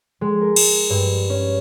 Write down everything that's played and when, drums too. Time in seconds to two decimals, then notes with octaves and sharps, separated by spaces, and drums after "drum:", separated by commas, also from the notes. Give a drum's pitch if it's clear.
0.21 G#3
0.41 A#4
0.56 drum: cymbal
0.90 G2
1.30 C#4